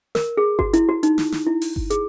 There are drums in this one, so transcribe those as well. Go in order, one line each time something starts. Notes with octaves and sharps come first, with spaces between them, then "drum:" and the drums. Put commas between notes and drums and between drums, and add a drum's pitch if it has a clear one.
A#4, drum: snare
G#4
F#4, drum: kick G1
E4, drum: hi-hat
F#4
D#4, drum: hi-hat
drum: snare
drum: snare
E4
drum: open hi-hat
drum: kick G1
G#4, drum: hi-hat